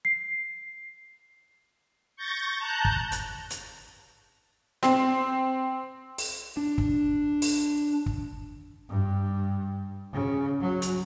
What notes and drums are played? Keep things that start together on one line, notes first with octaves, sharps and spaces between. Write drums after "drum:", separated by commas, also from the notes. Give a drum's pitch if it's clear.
C7
C#6 G6 A6 A#6
A5 A#5 F#6 G6
drum: kick
drum: hi-hat
drum: hi-hat
C4, drum: snare
drum: open hi-hat
D4
drum: kick
drum: open hi-hat
drum: kick
G2
C#3
F#3
drum: hi-hat